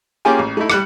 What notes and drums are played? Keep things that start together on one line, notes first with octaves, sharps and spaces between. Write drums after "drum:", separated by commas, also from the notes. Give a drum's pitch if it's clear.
A#3 C#4 F4 G4 G#4 G#5
A1
A3 D#4 E4
G3 F#6 C#7, drum: rim click